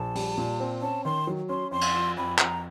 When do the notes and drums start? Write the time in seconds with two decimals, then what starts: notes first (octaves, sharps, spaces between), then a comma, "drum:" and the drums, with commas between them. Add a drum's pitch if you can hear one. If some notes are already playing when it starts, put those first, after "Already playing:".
Already playing: A#1 A5
0.15 G3, drum: open hi-hat
0.38 A#2
0.60 C4
0.82 C#4 A5
1.05 D#3 C6
1.27 F#3
1.49 C#4 C6
1.71 F2 C6
1.81 drum: cymbal
1.94 F3
2.17 F2 B5
2.39 F2 A#5, drum: clap